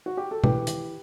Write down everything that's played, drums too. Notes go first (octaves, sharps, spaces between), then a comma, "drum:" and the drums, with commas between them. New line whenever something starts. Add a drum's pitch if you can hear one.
F#4
G4
A4
E3 G4 B4, drum: tom
E3, drum: hi-hat